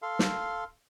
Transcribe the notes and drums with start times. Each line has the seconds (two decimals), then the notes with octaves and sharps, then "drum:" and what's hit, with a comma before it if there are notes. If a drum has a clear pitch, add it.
0.02 A4 F5 C6
0.19 drum: snare